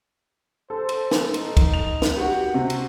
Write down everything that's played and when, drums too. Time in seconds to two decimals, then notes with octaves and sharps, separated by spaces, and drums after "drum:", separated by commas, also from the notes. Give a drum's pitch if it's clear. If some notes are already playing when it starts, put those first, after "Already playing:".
0.70 A4 C5
0.89 drum: cymbal
1.11 drum: snare
1.34 D#4, drum: cymbal
1.57 drum: kick, cymbal
1.74 F7
2.02 drum: snare
2.17 F#4 G4 F#5
2.54 C3
2.70 drum: cymbal